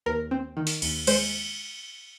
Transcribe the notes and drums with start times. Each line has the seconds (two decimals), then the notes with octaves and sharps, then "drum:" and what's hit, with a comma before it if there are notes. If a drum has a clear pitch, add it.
0.06 D#2 A#4
0.31 C4
0.57 D#3
0.67 drum: open hi-hat
0.82 D#2, drum: cymbal
1.07 G#3 C5, drum: cymbal